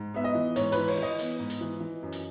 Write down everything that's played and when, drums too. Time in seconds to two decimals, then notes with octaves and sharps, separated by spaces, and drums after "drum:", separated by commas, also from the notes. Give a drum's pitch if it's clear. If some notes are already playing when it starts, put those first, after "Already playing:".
Already playing: G#2
0.14 B3 E5
0.24 D#5
0.35 E3
0.56 G#2 C#5, drum: hi-hat
0.72 B4, drum: hi-hat
0.77 E3
0.88 C#5, drum: open hi-hat
0.98 E3 D#5
1.19 B3, drum: hi-hat
1.39 G#2
1.50 drum: hi-hat
1.61 E3
1.81 E3
2.03 F#2
2.12 drum: hi-hat